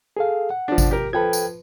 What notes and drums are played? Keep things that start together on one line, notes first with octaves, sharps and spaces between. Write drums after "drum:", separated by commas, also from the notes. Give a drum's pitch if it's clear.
G#4 A4 F5
F#5
F3 D4
drum: kick G#1, tambourine
G4 A#4
F3 A4 B4 G5 G#6
drum: tambourine